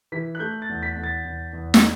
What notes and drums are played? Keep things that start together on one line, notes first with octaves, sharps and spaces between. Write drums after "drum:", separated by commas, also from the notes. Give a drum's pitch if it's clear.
E3 B6
F#6
A3 G6
A6
E2
B6
E2
A6
E2
E2
drum: snare